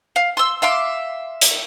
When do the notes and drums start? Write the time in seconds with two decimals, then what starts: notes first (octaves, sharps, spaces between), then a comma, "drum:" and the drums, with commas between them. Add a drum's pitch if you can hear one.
0.16 F5
0.37 C6 E6
0.62 E5 F5 C6 D6
1.41 drum: hi-hat